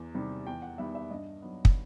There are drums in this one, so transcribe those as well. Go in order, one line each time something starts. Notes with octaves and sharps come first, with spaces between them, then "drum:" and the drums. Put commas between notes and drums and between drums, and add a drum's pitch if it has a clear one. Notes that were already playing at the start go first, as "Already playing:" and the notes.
Already playing: E2
C3 D#3 G3
E2 G5
F#5
D#3 G3 B3 E5
E5
G2 D#5
F#3 B3 D#4
drum: kick